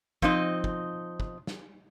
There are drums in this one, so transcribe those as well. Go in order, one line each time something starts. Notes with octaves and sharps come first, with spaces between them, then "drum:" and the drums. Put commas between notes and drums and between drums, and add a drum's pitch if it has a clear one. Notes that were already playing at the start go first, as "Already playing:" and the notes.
F3 C4 D#4 D#5, drum: kick
drum: kick
drum: kick
drum: snare